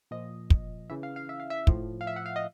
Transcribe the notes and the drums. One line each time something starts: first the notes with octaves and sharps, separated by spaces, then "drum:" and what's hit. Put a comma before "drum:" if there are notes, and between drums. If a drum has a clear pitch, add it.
A#2 F3 D#5
drum: kick
C#3 E3 E5
F5
F5
E5
F5
E5
A2 F3, drum: kick
F5
E5
F#5
F5
D#5